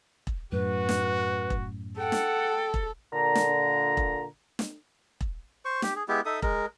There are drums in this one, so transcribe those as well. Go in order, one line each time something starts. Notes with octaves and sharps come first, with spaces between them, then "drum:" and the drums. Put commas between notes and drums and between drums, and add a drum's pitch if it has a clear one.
drum: kick E1
F#2 A2 F#4 B4
drum: snare
drum: kick E1
A4 F#5 G5
drum: snare
drum: kick E1
A#2 D3 A#5
drum: snare
drum: kick E1
drum: snare
drum: kick E1
C5 C#6
G4, drum: snare
G#4
G#3 B3 E4 G4
D#4 A4 E5 D#6
G#3 A#4, drum: kick E1